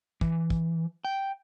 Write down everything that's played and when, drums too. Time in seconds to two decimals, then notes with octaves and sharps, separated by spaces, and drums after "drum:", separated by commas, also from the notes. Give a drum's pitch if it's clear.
0.21 E3, drum: kick
0.50 drum: kick
1.05 G5